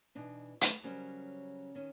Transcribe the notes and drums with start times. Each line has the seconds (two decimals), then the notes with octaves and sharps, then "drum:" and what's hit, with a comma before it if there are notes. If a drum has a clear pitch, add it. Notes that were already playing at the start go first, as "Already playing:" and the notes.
0.15 B2 E3 D4 D#4
0.61 A3 B4, drum: hi-hat
0.83 C#3 F#3 G3 C#4 A#4 C5
1.75 D#3 C#4